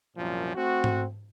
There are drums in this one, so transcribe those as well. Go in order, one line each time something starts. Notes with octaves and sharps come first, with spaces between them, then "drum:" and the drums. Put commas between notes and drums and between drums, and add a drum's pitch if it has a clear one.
C2 F#2 A#2 F3
A3 C4 F#4
drum: tom G#2